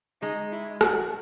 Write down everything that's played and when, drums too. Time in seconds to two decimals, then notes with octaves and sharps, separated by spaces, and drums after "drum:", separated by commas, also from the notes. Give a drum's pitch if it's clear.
0.22 G#3 D#4
0.52 E4
0.81 F#4, drum: rim click